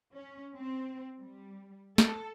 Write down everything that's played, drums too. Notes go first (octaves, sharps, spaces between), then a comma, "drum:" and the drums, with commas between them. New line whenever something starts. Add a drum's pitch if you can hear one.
C#4
C4
G3
A4, drum: snare